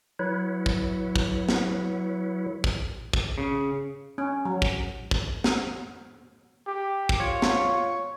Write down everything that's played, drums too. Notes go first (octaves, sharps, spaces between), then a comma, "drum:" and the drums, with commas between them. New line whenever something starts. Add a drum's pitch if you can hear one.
F#3 E4 B4 C#5
drum: kick
drum: kick
drum: snare
drum: kick
drum: kick
C#3
C#4
F#3
drum: kick
drum: kick
drum: snare
G4
drum: kick
F4 C#5
drum: snare